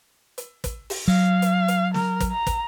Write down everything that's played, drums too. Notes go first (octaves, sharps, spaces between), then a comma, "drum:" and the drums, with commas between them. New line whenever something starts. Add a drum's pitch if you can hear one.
drum: hi-hat
drum: kick, hi-hat
drum: open hi-hat
F#3 F5
drum: hi-hat
drum: hi-hat
A#4, drum: snare
drum: kick, hi-hat
A#5
drum: kick, hi-hat